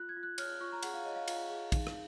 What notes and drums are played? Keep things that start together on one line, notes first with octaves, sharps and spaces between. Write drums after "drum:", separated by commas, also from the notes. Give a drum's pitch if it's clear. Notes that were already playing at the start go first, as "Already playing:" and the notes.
Already playing: F4 F#6
G#6
F4
F#6
C#5 F6, drum: cymbal
F4 C#6
A#5
G#4 F#5, drum: cymbal
F5
C#5 D#5
F5
F4 F5, drum: cymbal
G#4
D#4, drum: kick, cymbal
drum: rim click